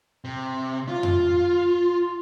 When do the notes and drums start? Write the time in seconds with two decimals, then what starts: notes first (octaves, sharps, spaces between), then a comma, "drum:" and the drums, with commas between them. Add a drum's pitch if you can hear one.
0.24 C3
0.89 F4
1.03 drum: tom F2